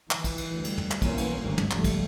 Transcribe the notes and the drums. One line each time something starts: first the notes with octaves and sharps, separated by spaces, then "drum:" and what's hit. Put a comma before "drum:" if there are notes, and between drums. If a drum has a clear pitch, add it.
E3, drum: clap
drum: kick, cymbal
drum: cymbal
D2 G3
drum: cymbal
drum: tom
drum: clap
B1 E2 E3 A#3 C4 C#4, drum: kick, cymbal
drum: cymbal
G1 D2 G#2 D#3
drum: tom
F#1 F2 G3 A3, drum: clap
drum: kick, cymbal